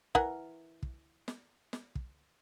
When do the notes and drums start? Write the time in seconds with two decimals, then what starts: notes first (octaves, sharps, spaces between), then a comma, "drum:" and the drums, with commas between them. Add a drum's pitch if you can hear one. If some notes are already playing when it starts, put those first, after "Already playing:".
0.15 E3 A#4 F#5, drum: kick
0.83 drum: kick
1.28 drum: snare
1.73 drum: snare
1.95 drum: kick